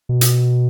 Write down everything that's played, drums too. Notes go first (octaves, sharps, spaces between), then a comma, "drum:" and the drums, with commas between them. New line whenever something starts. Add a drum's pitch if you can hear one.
B2
drum: hi-hat